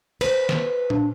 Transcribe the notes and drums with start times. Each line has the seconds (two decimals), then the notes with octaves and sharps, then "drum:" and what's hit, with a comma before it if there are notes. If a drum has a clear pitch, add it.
0.21 B4 C5, drum: cymbal
0.49 drum: snare
0.90 D4, drum: tom A#2